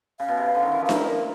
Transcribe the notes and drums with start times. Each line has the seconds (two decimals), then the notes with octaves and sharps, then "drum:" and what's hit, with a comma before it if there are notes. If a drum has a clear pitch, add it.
0.20 C#3 F5
0.29 B2
0.37 C3
0.46 C#3
0.55 D3
0.63 D#3
0.72 E3
0.80 F3 F5
0.89 A#3 E5, drum: snare D4
1.07 A#4